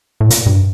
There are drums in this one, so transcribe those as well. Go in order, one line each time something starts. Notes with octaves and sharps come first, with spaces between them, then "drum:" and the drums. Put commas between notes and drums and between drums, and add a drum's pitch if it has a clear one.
A2
A#2, drum: hi-hat
G2